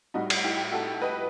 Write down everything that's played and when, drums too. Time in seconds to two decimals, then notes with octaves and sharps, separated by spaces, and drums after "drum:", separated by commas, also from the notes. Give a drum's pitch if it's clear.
0.14 A2 G3 D#4 F#4
0.30 drum: cymbal
0.44 E4 G4
0.72 F#4 A4
1.02 B4 D#5